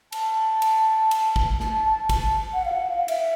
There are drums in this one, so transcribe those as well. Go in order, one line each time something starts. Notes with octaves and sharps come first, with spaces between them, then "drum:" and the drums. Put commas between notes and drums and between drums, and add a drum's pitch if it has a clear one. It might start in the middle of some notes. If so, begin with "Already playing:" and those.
A5, drum: cymbal
drum: cymbal
drum: cymbal
drum: kick
A5, drum: snare
A5
A5, drum: kick, cymbal
F#5
F5
F#5
F5
E5, drum: cymbal